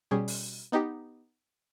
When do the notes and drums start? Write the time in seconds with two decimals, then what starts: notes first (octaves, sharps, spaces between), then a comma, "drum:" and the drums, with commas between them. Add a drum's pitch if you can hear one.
0.11 B2 G3 C#4 G#4
0.28 drum: open hi-hat
0.72 B3 D#4 G4